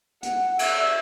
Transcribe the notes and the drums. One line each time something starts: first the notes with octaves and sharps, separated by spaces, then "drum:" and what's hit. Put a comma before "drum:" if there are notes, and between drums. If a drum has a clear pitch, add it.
F#5, drum: hi-hat
E5, drum: cymbal